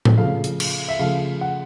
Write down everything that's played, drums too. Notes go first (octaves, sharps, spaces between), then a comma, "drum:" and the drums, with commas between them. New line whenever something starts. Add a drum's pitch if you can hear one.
drum: tom A2
C#3 F3 A3 F5
drum: hi-hat
drum: cymbal
E5
C#3 F3 A3 F5
F#5